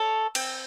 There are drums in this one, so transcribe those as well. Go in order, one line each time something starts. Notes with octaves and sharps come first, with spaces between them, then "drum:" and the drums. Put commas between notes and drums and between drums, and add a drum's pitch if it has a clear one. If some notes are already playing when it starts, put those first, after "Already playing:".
Already playing: A4 C#5
C4, drum: cymbal